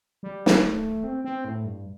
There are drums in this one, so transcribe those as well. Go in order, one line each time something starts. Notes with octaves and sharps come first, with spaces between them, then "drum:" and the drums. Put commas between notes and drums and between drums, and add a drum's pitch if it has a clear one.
G3
drum: snare
A3
C4
C4
A2
G2